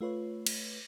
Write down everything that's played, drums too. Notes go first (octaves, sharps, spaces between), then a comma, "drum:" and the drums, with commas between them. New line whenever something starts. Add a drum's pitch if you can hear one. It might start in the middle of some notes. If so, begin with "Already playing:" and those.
A3 F4 B4 C#5
drum: cymbal